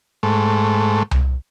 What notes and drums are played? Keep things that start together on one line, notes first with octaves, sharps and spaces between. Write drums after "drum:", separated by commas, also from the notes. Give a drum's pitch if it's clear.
G#2 A3
drum: tom C2